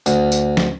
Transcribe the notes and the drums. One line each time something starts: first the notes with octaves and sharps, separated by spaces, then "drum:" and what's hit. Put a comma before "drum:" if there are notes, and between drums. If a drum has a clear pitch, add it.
D2, drum: tambourine
drum: tambourine
drum: snare